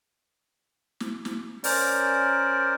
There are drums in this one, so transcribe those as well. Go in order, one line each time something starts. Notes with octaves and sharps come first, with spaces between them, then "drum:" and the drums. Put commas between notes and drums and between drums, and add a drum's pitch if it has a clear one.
drum: snare
drum: snare
C#4 A#4 C5 D5, drum: open hi-hat